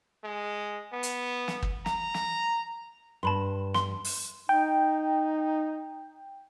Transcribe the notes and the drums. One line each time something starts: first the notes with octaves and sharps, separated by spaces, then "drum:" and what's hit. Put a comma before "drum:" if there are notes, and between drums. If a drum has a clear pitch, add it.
G#3
B3
drum: hi-hat
drum: snare
drum: kick
A#5, drum: snare
drum: snare
G2 A5 B5 C6
C6, drum: snare
drum: open hi-hat
D#4 G5